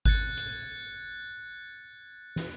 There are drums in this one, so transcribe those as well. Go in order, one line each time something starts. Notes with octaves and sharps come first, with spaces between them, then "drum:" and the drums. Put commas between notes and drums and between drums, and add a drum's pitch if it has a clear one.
F#6 G#6 A6 C#7, drum: kick G#1
drum: hi-hat
drum: snare